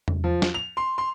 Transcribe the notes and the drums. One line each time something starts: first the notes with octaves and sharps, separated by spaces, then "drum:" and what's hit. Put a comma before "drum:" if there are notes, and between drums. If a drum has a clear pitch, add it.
drum: tom E2
F3
drum: snare
F7
C6
C6